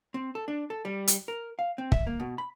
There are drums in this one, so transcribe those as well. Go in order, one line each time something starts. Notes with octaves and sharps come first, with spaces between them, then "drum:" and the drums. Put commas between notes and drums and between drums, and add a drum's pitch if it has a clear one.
C4
A4
D4
A4
G3
drum: hi-hat
A#4
F5
C4
E5, drum: kick
A#3
B2
B5